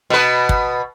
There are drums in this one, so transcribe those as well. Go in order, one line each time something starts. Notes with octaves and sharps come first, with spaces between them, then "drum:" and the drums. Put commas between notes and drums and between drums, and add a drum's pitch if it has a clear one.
B2 B4
drum: kick